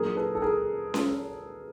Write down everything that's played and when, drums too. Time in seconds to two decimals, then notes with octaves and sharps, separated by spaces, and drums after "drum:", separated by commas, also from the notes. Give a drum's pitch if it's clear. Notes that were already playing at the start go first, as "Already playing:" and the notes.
Already playing: A#2 F#3 A#3 D4 G#4 A#4
0.16 A4 B4
0.35 A4
0.42 G#4 A#4
0.94 drum: snare C#4